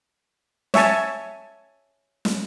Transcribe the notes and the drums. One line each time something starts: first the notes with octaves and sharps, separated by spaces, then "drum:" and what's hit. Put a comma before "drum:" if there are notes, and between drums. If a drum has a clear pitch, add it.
C#5 E5 G#5 A5, drum: snare
drum: snare